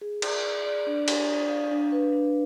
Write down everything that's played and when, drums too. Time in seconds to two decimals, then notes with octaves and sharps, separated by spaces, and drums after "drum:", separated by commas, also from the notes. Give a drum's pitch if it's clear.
0.01 G#4
0.22 D5, drum: cymbal
0.43 D5
0.66 D5
0.87 D4
1.08 D5, drum: cymbal
1.29 D5
1.49 F5
1.71 D4
1.92 B4
2.13 D4